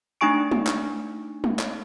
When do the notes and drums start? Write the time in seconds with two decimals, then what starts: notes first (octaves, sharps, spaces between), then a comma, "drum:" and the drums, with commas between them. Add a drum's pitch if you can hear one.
0.21 A3 D4 D#4 G#5 C#6 D7
0.51 drum: tom
0.67 drum: clap
1.44 drum: tom
1.59 drum: clap